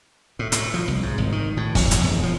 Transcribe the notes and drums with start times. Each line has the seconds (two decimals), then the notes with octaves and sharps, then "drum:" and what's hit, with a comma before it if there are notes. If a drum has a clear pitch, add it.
0.39 A2
0.52 A2, drum: hi-hat
0.74 F3
0.88 C2
1.03 G#2
1.18 G#1
1.32 D#3
1.57 A2
1.75 F2, drum: kick G1, open hi-hat
1.91 E2, drum: hi-hat
2.04 E1
2.23 F3